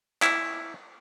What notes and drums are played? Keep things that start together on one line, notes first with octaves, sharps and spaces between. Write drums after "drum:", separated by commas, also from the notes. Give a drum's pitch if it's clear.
E4, drum: clap